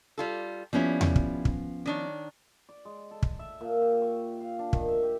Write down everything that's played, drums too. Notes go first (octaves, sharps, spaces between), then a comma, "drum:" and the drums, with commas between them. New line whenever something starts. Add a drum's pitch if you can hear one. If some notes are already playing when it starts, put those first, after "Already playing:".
G3 F4 A4
F3 G3 B3 C#4 E4
drum: tom E2
drum: kick
drum: kick
D#3 D4 C#5
D5
G#3
A4
drum: kick
E5
A#2
G4
C#6
F5
D4
D#3, drum: kick
E5
G4